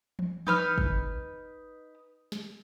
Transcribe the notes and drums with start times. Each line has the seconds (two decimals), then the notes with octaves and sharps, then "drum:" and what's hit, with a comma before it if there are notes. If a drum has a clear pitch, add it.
0.19 drum: tom E3
0.47 D#4 B4 F6, drum: tom E3
0.78 drum: kick
2.32 drum: snare